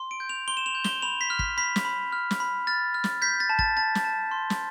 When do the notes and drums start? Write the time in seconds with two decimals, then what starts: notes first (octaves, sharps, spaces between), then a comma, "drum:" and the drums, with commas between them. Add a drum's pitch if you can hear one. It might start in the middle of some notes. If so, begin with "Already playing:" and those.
Already playing: C6
0.11 D7
0.20 G6
0.29 F7
0.48 C6 G7
0.57 E7
0.66 F7
0.75 G6
0.84 G7, drum: snare
1.02 B5 F7
1.21 B6
1.30 F6
1.39 B6, drum: kick
1.57 B5 B6
1.76 drum: snare
1.85 B5
2.12 F6
2.31 drum: snare
2.40 B5
2.67 F6 A6
2.94 F6
3.04 drum: snare
3.22 G6 B6
3.40 A6
3.50 A5
3.59 A6, drum: kick
3.77 A5 A6
3.95 drum: snare
4.04 A5
4.31 C6
4.50 drum: snare